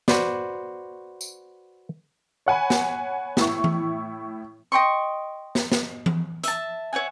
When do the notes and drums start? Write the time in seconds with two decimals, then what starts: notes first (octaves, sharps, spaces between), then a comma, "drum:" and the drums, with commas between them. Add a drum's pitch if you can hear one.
0.08 F#4 B4 C5 D5, drum: snare
1.21 drum: tambourine
2.46 C#5 F#5 G#5 B5
2.70 drum: snare
3.37 A2 E4 C#6, drum: snare
3.64 drum: tom E3
4.72 D#5 G5 C6 C#6
5.55 drum: snare
5.72 drum: snare
6.06 drum: tom E3
6.44 E5 A5, drum: hi-hat
6.93 C#5 E5 F#5 G#5